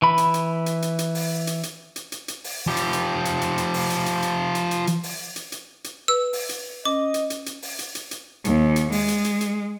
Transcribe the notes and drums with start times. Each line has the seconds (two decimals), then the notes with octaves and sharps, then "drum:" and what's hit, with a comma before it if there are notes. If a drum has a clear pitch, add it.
0.02 E3 B5
0.18 drum: hi-hat
0.34 drum: hi-hat
0.66 drum: hi-hat
0.82 drum: hi-hat
0.99 drum: hi-hat
1.15 drum: open hi-hat
1.47 drum: hi-hat
1.63 drum: hi-hat
1.96 drum: hi-hat
2.12 drum: hi-hat
2.28 drum: hi-hat
2.44 drum: open hi-hat
2.67 F3 G4
2.77 drum: hi-hat
2.93 drum: hi-hat
3.25 drum: hi-hat
3.41 drum: hi-hat
3.58 drum: hi-hat
3.74 drum: open hi-hat
3.90 drum: hi-hat
4.06 drum: hi-hat
4.22 drum: hi-hat
4.55 drum: hi-hat
4.71 drum: hi-hat
4.87 drum: hi-hat
5.03 drum: open hi-hat
5.36 drum: hi-hat
5.52 drum: hi-hat
5.84 drum: hi-hat
6.08 B4 E6
6.33 drum: open hi-hat
6.49 drum: hi-hat
6.85 C#4 D#5 D6
7.14 drum: hi-hat
7.30 drum: hi-hat
7.46 drum: hi-hat
7.62 drum: open hi-hat
7.79 drum: hi-hat
7.95 drum: hi-hat
8.11 drum: hi-hat
8.45 D#2, drum: hi-hat
8.76 drum: hi-hat
8.92 G#3, drum: open hi-hat
9.08 drum: hi-hat
9.24 drum: hi-hat
9.41 drum: hi-hat